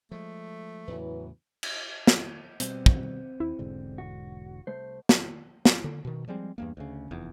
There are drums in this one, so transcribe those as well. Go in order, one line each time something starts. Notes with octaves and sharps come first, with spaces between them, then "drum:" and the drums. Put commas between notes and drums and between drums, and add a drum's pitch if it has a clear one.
F3 G#3 A3
E2 A2 C#3 E3 F#3 B4
drum: cymbal
drum: snare
B2 G3 C4, drum: hi-hat
drum: kick
D#2 E4
E1 G#2 D3
F#4
C2 A3 C5
drum: snare
drum: snare
D3
B2 D#3
F3 G3 G#3 C4
E2 G2 A#3
D2 C#3
F1 E2